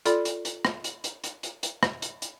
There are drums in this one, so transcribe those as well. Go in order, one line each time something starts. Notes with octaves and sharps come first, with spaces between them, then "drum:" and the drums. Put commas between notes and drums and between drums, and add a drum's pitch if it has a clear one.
F4 A4 D5 B5 C6, drum: hi-hat
drum: hi-hat
drum: hi-hat
drum: rim click
drum: hi-hat
drum: hi-hat
drum: hi-hat
drum: hi-hat
drum: hi-hat
drum: rim click
drum: hi-hat
drum: hi-hat